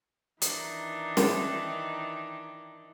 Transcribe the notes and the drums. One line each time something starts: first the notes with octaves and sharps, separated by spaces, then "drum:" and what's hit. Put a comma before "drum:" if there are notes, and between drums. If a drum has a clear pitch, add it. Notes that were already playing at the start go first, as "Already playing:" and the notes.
D#3 E3 D4 D#4, drum: hi-hat
drum: snare